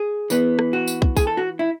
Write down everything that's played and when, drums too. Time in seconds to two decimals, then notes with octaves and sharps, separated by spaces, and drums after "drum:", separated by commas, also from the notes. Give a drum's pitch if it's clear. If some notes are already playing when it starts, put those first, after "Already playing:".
Already playing: G#4
0.30 E3 B3, drum: tambourine
0.59 drum: rim click
0.73 F#4
0.87 drum: tambourine
1.02 drum: kick
1.17 G#4, drum: kick, tambourine
1.27 A4
1.37 F#4
1.59 E4